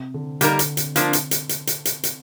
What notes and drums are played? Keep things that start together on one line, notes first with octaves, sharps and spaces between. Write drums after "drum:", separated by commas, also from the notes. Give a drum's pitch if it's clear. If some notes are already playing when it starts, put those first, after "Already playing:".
Already playing: C3
D3
D3 G3 A#3 D#4 A#4, drum: hi-hat
drum: hi-hat
drum: hi-hat
F3 A#3 D4, drum: hi-hat
drum: hi-hat
drum: hi-hat
drum: hi-hat
drum: hi-hat
drum: hi-hat
drum: hi-hat